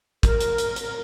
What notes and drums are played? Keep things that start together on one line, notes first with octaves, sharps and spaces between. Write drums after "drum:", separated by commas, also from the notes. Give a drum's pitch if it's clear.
A#4, drum: kick, hi-hat
drum: hi-hat
drum: hi-hat
drum: hi-hat